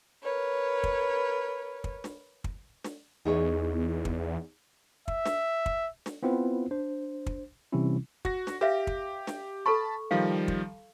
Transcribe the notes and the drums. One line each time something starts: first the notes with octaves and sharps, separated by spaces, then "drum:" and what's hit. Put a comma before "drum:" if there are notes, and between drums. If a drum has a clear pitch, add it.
A#4 B4 C#5
drum: kick
drum: kick
drum: snare
drum: kick
drum: snare
E2 D#4 G#4 C#5
drum: kick
E5, drum: kick
drum: snare
drum: kick
drum: snare
B3 C4 E4 F4 B4 C5
D4 C5
drum: kick
C3 E3 G3 C4 C#4 E4
F#4 A#6, drum: kick
drum: snare
G4 B4 E5 F5
drum: kick
drum: snare
A4 B4 A5 B5 C#6
D#3 F3 G3 F5
drum: kick